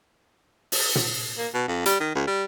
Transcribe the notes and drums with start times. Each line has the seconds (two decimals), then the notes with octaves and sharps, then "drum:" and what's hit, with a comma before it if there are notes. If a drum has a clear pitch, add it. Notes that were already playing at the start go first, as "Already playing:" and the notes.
0.72 drum: open hi-hat
0.96 drum: tom
1.38 A#3
1.54 B2
1.68 F2
1.86 G3, drum: hi-hat
2.00 D#3
2.15 C#2
2.27 G3